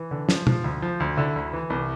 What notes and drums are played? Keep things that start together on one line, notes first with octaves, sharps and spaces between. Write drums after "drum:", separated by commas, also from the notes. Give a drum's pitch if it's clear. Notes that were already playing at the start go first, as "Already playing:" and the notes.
Already playing: E3
D3
F3, drum: snare
F3, drum: tom
D2
F3
D2
D3 E4
D2
E3
C2